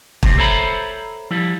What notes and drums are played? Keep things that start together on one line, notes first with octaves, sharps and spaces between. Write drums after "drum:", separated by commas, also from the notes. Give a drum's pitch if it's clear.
D2 C3 C4, drum: kick
A4 C5 C#5 E5 A#5 B5
F3 G3 E4